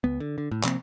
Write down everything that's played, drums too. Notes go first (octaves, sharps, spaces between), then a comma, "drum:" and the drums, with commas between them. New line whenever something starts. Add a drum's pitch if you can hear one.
C#2 B3
D3
D3
A2
C3 F3 A#3 C4, drum: clap